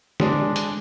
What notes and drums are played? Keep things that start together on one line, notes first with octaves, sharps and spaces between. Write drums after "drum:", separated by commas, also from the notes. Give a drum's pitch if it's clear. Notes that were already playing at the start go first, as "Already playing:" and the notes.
G#3 D4, drum: snare
drum: hi-hat